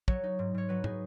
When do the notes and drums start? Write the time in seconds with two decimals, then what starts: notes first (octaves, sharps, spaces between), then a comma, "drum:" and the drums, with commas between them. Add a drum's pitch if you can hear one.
0.08 F#3 C#5, drum: kick
0.23 D#4
0.39 G#2
0.54 G#2 C#5
0.69 F#3 B4
0.84 D#4 G#4, drum: tom